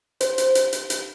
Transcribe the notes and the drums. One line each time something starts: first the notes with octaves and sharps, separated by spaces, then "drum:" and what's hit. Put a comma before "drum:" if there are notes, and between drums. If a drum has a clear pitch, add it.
C5, drum: hi-hat
drum: hi-hat
drum: hi-hat
drum: hi-hat
drum: hi-hat